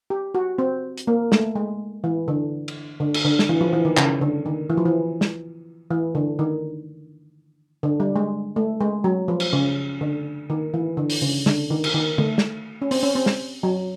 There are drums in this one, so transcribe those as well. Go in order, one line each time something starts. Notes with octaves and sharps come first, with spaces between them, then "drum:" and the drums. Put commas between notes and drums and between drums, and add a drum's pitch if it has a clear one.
G4
F#4
C4
drum: hi-hat
A#3
A3, drum: snare
G#3
E3
D3
drum: cymbal
D3
drum: cymbal
D3
drum: snare
E3
F3
E3
D#3
C#3, drum: clap
D3
D#3
E3
F3
E3
drum: snare
E3
D3
D#3
D3
G3
G#3
A3
G#3
F#3
F3
drum: cymbal
C#3
D3
D#3
E3
D3
drum: open hi-hat
C#3
D3, drum: snare
D#3
drum: cymbal
D#3
A3, drum: tom
drum: snare
C#4
C4, drum: open hi-hat
C#4
C4
drum: snare
F#3